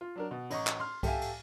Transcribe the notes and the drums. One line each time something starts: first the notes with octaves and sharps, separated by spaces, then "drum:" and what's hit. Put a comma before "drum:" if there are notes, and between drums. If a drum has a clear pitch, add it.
F4
F#3 D4 A#4
B2
A1 D#5 A#5 C#6, drum: cymbal
drum: clap
C6 F6
G4 A4 E5 F5 G#5, drum: kick C2, cymbal
drum: cymbal